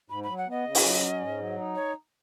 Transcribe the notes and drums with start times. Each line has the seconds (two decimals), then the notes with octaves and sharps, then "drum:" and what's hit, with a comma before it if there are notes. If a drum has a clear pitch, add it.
0.10 G#2 B5
0.24 F#3 B5
0.38 F#5
0.47 B3 D#5
0.64 C#3
0.75 drum: open hi-hat
0.84 F#3
1.01 C#4
1.20 G#2
1.39 F#3
1.57 D#4
1.75 C#5